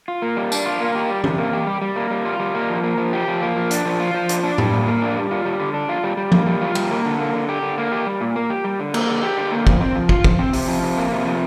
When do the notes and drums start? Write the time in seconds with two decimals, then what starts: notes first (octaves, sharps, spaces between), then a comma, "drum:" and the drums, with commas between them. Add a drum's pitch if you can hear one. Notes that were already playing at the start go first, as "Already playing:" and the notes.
0.08 F4
0.22 A#3
0.37 G3
0.52 D4, drum: tambourine
0.66 F4
0.81 A#3
0.95 G4
1.10 G3
1.24 C3, drum: tom
1.38 A#3
1.53 G4
1.67 G3
1.82 G3
1.96 A#3
2.11 G3
2.25 F4
2.40 G3
2.55 A#3
2.70 F3
2.83 A#3
2.98 F3
3.13 G4
3.28 F3
3.42 A#3
3.56 F3
3.71 D4, drum: hi-hat
3.86 F3
4.00 F4
4.14 F3
4.29 D4, drum: hi-hat
4.44 D4
4.58 G3, drum: tom A2
4.72 A#2
4.87 A#3
5.02 D4
5.16 G3
5.31 F4
5.45 G3
5.60 D3
5.74 D4
5.89 F4
6.04 G3
6.17 G3
6.32 A#3, drum: tom F3
6.46 G3
6.61 F4
6.75 G3, drum: cymbal
6.91 A#3
7.05 D3
7.19 A#3
7.34 D3
7.49 G4
7.62 D3
7.78 A#3
7.92 G4
8.07 G3
8.21 A#2
8.36 A#3
8.50 G4
8.64 G3
8.80 D3
8.94 A#3, drum: cymbal
9.08 D3
9.23 G4
9.37 D3
9.52 A#3
9.67 F3, drum: kick
9.81 C4
9.96 F3
10.09 F4, drum: kick
10.24 F3, drum: kick
10.39 C4
10.53 C3, drum: open hi-hat
10.68 F3
10.83 C3
10.98 A#3
11.11 C3
11.26 F3